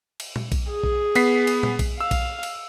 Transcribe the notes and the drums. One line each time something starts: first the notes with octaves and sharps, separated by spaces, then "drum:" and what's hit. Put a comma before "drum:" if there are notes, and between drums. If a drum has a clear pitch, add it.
drum: cymbal
drum: tom A#2
drum: kick B1, cymbal
G#4
drum: kick B1
B3 B6 C7, drum: cymbal
drum: cymbal
drum: tom A#2
drum: kick B1, cymbal
F5 E6
drum: kick B1, cymbal
drum: cymbal